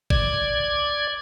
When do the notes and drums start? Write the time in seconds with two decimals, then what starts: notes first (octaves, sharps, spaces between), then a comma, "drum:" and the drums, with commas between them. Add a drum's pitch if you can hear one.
0.10 D5 G#6, drum: kick